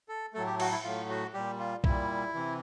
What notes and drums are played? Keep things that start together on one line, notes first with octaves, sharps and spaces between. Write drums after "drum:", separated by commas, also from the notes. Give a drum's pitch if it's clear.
A4
A2 F#3 A3 A4
G4
F#4, drum: cymbal
E4
A2 F#3 A3 F4
F#4
A#2 G3 G4
F4
A#2 G3 E4, drum: kick B1
C3 E3